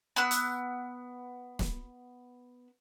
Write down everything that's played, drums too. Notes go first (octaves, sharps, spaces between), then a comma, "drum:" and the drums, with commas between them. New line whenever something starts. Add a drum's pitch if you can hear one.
B3 E6 F#6
drum: hi-hat
drum: snare